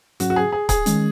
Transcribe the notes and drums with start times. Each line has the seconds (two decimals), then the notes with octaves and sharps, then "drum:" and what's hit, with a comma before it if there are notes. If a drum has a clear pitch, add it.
0.20 G#2 F#3 C#4 F#4, drum: hi-hat
0.30 F#4
0.36 G#4
0.52 G#4
0.69 G#4, drum: kick C#1, hi-hat
0.86 D#3 G#3 C#4, drum: hi-hat